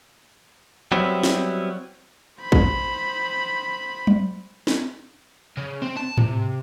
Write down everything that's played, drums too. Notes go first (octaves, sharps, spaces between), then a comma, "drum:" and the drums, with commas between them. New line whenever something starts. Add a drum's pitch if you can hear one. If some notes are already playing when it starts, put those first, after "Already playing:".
F#3 G3 B3 C4 E4
drum: snare
C5 B5
drum: kick
drum: tom F#3
drum: snare
C#3
C4
A5
C3, drum: tom G#2